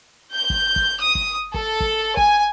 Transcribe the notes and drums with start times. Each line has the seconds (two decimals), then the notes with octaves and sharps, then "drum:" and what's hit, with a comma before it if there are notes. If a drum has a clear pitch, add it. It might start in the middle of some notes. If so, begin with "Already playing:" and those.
0.33 G6
0.50 drum: kick
0.76 drum: kick
1.01 D#6
1.15 drum: kick
1.54 A4, drum: kick
1.80 drum: kick
2.17 G#5, drum: kick